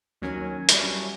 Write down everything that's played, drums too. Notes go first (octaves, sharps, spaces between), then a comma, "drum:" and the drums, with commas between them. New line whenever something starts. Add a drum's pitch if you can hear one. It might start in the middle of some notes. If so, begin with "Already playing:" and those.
D#2 F#3 C#4 A#4 G#5
F#3 G3 C#4 D4 E4 F#4, drum: hi-hat